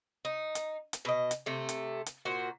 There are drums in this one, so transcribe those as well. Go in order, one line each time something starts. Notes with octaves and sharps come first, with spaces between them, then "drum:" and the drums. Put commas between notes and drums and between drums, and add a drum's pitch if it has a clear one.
D#4
drum: hi-hat
drum: hi-hat
B2 D#5
drum: hi-hat
C3 A3
drum: hi-hat
drum: hi-hat
A#2 F#4 C5